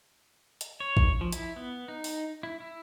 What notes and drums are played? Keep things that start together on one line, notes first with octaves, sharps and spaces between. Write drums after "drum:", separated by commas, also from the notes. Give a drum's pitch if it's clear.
drum: hi-hat
C#5
drum: kick A1
F3
E4, drum: hi-hat
B3
D#4
drum: open hi-hat
E4
E4